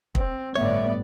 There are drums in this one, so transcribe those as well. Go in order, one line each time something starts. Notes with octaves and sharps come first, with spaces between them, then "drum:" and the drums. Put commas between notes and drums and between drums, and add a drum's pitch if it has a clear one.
C4, drum: kick
G1 A2 B3 C#5 D5 E5